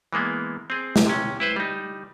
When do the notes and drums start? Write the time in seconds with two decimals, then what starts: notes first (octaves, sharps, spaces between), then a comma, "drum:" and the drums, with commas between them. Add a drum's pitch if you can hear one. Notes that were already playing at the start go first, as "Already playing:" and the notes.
0.13 E3 G#3 A#3 B3
0.70 C4 G#4
0.96 drum: snare
1.06 C3 C#4
1.40 E4 B4 C5
1.56 G3 D#4